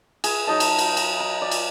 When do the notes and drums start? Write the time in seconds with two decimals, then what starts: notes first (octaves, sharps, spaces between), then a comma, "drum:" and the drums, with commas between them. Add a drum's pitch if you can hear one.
0.24 G#4, drum: cymbal
0.47 F#3 D#4 D#5 A5
0.60 drum: cymbal
0.78 drum: cymbal
0.97 drum: cymbal
1.20 A#5
1.42 D5
1.51 drum: cymbal